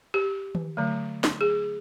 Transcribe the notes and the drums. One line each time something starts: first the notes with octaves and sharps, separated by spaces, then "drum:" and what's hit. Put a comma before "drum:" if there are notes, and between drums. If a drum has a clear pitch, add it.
G4
drum: tom D#3
D3 F#3 A3
drum: snare
G#4